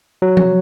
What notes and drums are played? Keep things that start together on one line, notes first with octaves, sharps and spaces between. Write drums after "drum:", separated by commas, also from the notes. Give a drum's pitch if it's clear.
F#3
drum: tom F3